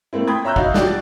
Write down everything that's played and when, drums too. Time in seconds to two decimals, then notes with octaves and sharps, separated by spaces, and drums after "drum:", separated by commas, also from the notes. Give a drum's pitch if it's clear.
0.13 A3 A#3 C4 E4
0.27 G5 B5 C6 D#6 G#6
0.44 C#5 E5 A#5 E6 F#6 G6
0.56 D#4 F4 F#4 F5 F#5, drum: kick
0.74 F#4 G4 D5 A5, drum: snare
0.87 A6